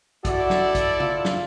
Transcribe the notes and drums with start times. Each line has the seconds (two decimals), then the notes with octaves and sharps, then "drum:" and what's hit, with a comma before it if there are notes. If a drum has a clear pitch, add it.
0.25 E4 F#4 A4 D5, drum: kick, hi-hat
0.50 drum: snare
0.75 drum: kick, hi-hat
1.00 F4, drum: tom C#3
1.25 drum: snare